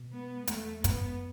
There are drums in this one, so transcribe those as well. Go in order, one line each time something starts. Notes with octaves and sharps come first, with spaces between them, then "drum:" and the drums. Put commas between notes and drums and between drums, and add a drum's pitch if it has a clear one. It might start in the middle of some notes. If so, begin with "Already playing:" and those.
Already playing: B2
B3
E2 A3, drum: hi-hat
F#2 B3, drum: kick, hi-hat